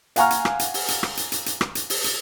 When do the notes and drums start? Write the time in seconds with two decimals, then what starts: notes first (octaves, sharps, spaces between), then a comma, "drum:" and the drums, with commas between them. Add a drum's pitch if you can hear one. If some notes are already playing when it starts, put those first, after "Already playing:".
0.16 F5 F#5 G#5 A#5 C#6 F6, drum: hi-hat
0.30 drum: hi-hat
0.45 drum: rim click
0.59 drum: hi-hat
0.74 drum: open hi-hat
0.88 drum: hi-hat
1.03 drum: rim click
1.17 drum: hi-hat
1.32 drum: hi-hat
1.46 drum: hi-hat
1.61 drum: rim click
1.75 drum: hi-hat
1.90 drum: open hi-hat
2.04 drum: hi-hat